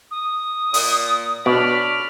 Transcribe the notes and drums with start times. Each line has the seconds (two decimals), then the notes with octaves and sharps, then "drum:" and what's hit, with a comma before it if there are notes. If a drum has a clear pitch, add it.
0.11 D#6
0.74 A#2, drum: open hi-hat
1.46 B2 D4 C#5 D5 B5 F6